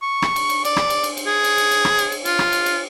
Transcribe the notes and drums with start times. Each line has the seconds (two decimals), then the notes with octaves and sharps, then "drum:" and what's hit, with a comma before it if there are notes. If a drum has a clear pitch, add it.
0.02 C#6
0.22 drum: rim click
0.36 drum: cymbal
0.49 drum: cymbal
0.65 D5, drum: cymbal
0.76 drum: rim click
0.90 drum: cymbal
1.04 drum: cymbal
1.17 drum: cymbal
1.27 G#4
1.44 drum: cymbal
1.58 drum: cymbal
1.71 drum: cymbal
1.85 drum: rim click
1.98 drum: cymbal
2.12 drum: cymbal
2.25 F4, drum: cymbal
2.39 drum: rim click
2.52 drum: cymbal
2.66 drum: cymbal